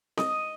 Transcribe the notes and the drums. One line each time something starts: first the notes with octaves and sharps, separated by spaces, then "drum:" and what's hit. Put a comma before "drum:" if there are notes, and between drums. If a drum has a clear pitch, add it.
D#5, drum: snare C4